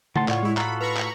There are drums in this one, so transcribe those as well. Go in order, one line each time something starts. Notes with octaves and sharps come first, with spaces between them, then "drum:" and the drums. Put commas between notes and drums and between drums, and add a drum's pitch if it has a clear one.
A2 D#3 F#5 A5 C6, drum: tom
A2 F4 C#5 D5 F#5, drum: clap
G#3 E4 G4
F4 F#4 A4 A#5 B5, drum: clap
B4 A#5 B5 C#6
drum: clap